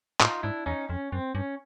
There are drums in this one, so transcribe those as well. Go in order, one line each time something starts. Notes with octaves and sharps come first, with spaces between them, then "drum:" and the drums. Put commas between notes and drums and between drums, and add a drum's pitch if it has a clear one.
A2 D#4 F4, drum: clap
G#2 D4 E4
E2 C#4 D#4
F2 C#4
F#2 C4
G2 C#4